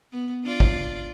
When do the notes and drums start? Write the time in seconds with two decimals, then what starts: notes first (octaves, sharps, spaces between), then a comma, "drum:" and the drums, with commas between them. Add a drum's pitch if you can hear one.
0.12 B3
0.44 D4 F4 D5
0.60 drum: kick